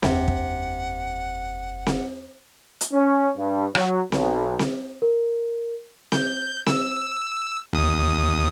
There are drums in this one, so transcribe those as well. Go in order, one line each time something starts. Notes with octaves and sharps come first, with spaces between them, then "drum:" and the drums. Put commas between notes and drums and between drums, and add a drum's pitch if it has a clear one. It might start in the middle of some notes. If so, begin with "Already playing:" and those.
F#1 E2 C3 E4 F#5 G5, drum: snare C4
drum: kick
drum: snare C4
drum: hi-hat
C#4
G2
F#3, drum: rim click
B1, drum: snare C4
drum: snare C4
A#4
G6, drum: snare C4
E6, drum: snare C4
D#2 D#6